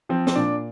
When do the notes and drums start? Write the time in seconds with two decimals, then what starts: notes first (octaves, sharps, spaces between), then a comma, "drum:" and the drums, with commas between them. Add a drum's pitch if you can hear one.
0.09 F3 C4
0.27 C4, drum: snare
0.35 A#2 D4